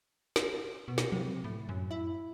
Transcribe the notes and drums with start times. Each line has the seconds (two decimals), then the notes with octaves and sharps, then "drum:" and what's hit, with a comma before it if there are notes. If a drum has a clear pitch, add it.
0.36 drum: snare
0.88 B2
0.98 drum: snare
1.12 C3, drum: tom F3
1.44 A2
1.69 F#2
1.91 E4